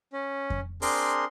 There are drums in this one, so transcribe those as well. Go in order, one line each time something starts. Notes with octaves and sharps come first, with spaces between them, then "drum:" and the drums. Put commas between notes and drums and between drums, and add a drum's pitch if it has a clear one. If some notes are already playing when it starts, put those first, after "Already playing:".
C#4
drum: kick F2
C4 D4 G#4 A#4 C6, drum: open hi-hat